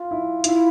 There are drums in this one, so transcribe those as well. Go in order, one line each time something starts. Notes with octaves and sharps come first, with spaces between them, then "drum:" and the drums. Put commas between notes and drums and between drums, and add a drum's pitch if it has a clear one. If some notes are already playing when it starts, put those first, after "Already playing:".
Already playing: F4
E4
E4 F4, drum: hi-hat